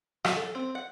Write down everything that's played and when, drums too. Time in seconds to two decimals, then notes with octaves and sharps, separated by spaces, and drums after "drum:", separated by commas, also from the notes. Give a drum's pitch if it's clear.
0.25 F#3, drum: rim click
0.37 A4
0.55 C4
0.75 F#5